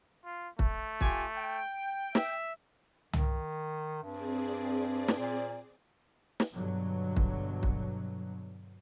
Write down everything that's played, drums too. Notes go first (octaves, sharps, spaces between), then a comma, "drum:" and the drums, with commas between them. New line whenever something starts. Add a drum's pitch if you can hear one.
F4
A3, drum: kick
F4 G4 G#5, drum: kick
G5
E5, drum: snare
D#3, drum: tom
G2 C4 G#4 D5
drum: snare
A#2
drum: snare
G2 B2 D3 F#3
drum: kick
drum: kick